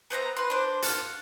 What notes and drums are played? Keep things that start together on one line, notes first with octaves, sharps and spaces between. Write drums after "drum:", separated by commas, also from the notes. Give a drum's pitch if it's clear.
B3 C4 A5 A#5
B4 C6
D4 C5
F5 F#5 A5, drum: hi-hat